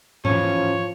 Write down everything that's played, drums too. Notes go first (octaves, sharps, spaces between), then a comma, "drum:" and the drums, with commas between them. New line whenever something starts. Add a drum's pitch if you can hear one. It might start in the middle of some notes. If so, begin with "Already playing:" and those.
E3 F3 C#4 C#5, drum: tom G#2